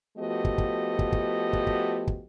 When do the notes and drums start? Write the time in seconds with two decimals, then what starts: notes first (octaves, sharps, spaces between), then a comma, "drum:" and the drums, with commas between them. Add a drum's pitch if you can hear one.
0.17 F3 A3 B3 F#4 G4 D#5
0.45 drum: kick
0.58 drum: kick
0.99 drum: kick
1.12 drum: kick
1.53 drum: kick
1.67 drum: kick
2.07 drum: kick